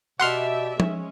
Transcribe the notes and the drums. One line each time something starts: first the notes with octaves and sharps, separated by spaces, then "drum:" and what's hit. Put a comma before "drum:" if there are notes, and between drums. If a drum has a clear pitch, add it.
B2 G4 D5 E5 F#5 C6 F6
G#3 C#4, drum: tom F3